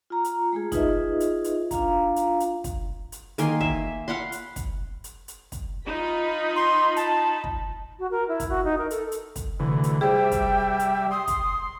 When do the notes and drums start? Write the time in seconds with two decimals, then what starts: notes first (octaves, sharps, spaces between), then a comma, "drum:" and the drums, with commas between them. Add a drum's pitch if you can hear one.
0.10 F4 A#5
0.24 drum: hi-hat
0.52 G#3 A3 F4 G#4
0.72 D#4 F4 G#4 B4 D#5 E5, drum: kick, hi-hat
1.20 drum: hi-hat
1.44 drum: hi-hat
1.71 D4 F4 F5 A#5, drum: kick, hi-hat
2.16 drum: hi-hat
2.40 drum: hi-hat
2.64 drum: kick, hi-hat
3.12 drum: hi-hat
3.38 D#3 A#3 G#5 C6, drum: hi-hat
3.61 E5, drum: kick
4.08 F5 F#5 B5 C6
4.32 drum: hi-hat
4.56 drum: kick, hi-hat
5.04 drum: hi-hat
5.28 drum: hi-hat
5.52 drum: kick, hi-hat
5.86 D#4 F4 B5
6.56 C6
6.96 A5, drum: hi-hat
7.44 drum: kick
7.99 F#4
8.11 A#4
8.28 E4
8.40 drum: kick, hi-hat
8.49 F#4
8.64 D#4
8.78 A#4
8.90 A4, drum: hi-hat
9.12 drum: hi-hat
9.36 drum: kick, hi-hat
9.60 D2 C3 E3
9.84 drum: hi-hat
10.01 G3 G#4 C5 E5 G5
10.32 drum: kick, hi-hat
10.79 drum: hi-hat
11.11 C6 D#6
11.27 drum: kick, hi-hat